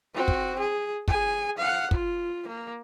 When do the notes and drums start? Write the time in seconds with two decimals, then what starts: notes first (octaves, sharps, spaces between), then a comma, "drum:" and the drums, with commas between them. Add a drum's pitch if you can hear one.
0.14 C4 F#4
0.28 drum: kick
0.59 G#4
1.08 G#4 G#5, drum: kick
1.57 F5 F#5
1.91 F4, drum: kick
2.47 A#3